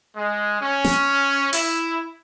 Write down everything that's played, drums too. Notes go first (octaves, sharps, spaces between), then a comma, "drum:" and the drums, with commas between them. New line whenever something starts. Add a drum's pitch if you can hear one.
G#3
C#4
drum: snare
E4, drum: open hi-hat